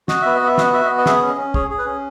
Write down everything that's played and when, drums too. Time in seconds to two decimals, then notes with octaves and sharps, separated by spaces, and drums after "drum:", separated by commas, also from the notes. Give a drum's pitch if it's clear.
0.08 F#4 D#5, drum: snare
0.22 B3 E5
0.35 D#5
0.41 B3
0.47 E5
0.58 F#4 D#5, drum: snare
0.73 F#4 E5
0.86 D#5
0.90 B3
0.98 D#5
1.06 G#4 E5, drum: snare
1.22 C#4
1.30 D#5
1.38 C#4
1.54 G#4 C#5, drum: kick
1.70 G#4
1.79 B4
1.86 C#4